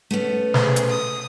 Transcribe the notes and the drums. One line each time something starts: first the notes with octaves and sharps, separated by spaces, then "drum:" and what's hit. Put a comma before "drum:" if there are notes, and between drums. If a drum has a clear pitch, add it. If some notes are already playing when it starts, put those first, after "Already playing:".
A3 B3 C#4
G#4 C5, drum: snare
drum: hi-hat
D#6